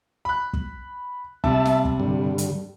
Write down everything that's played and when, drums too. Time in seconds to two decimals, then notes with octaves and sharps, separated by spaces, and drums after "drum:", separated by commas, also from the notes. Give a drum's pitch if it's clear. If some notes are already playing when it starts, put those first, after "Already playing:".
0.25 B5 F#6
0.54 drum: kick
1.44 C3 G3 E5 A5, drum: kick
1.65 drum: snare
1.85 drum: kick
2.00 G2 D3
2.38 drum: hi-hat